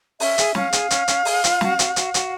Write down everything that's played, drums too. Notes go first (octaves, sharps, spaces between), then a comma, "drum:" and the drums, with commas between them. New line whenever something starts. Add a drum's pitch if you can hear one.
C#4 E5, drum: open hi-hat
G#4, drum: hi-hat
C#4 F5, drum: snare
G#4, drum: hi-hat
C#4, drum: hi-hat
C#4, drum: hi-hat
G#4, drum: open hi-hat
F4, drum: hi-hat
F#4, drum: snare
F#4, drum: hi-hat
F#4, drum: hi-hat
F#4, drum: hi-hat